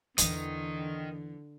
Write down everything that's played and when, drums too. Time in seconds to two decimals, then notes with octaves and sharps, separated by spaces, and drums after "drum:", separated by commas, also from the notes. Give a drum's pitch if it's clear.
0.18 E2 D3 E3 A#4 D#5, drum: hi-hat